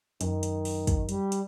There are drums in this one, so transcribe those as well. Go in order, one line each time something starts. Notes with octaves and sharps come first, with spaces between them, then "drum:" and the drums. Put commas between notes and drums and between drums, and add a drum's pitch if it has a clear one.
F#2 D#3, drum: hi-hat
drum: hi-hat
drum: open hi-hat
drum: kick, hi-hat
G3, drum: hi-hat
drum: hi-hat